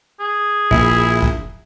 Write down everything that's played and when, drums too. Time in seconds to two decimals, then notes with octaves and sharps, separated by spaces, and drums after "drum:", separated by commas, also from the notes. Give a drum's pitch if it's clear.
0.20 G#4
0.71 A#1 E4, drum: kick
1.22 drum: kick